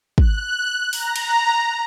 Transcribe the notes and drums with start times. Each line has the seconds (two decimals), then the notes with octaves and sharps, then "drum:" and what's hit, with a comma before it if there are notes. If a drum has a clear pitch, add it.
0.18 F#6, drum: kick
0.93 A#5, drum: open hi-hat
1.16 drum: cymbal